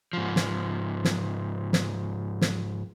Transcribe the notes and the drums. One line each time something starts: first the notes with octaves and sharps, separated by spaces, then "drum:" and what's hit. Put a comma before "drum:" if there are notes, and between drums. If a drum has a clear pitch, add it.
G#2 F3
drum: snare
drum: snare
drum: snare
drum: snare